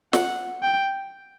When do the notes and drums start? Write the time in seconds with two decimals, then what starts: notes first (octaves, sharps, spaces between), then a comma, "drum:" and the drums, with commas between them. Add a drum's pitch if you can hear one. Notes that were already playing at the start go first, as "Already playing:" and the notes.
0.13 F#5, drum: snare
0.63 G5